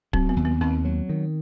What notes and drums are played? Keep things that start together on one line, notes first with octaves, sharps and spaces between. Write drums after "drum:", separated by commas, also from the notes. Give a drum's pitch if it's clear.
F#3 C4, drum: kick
B3
D#2
B3
D#2 C4
F#3
D#3